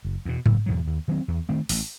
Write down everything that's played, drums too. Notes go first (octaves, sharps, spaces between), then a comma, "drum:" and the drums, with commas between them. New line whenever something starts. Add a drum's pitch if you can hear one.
F#1
E2 B2
F#1, drum: tom G#2
E2 B2 F#3
D#2
D#3 F#3 C4
E2
D#3 A3 C4
A1, drum: open hi-hat